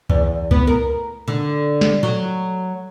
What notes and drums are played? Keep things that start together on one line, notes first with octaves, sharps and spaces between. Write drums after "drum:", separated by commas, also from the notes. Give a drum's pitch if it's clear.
E2, drum: kick C#2
B3, drum: kick C#2
A#4
D3
drum: snare
F#3